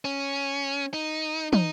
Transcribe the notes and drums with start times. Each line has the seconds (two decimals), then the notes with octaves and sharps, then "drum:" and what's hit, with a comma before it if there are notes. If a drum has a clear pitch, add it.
0.05 C#4
0.94 D#4
1.53 D#4, drum: tom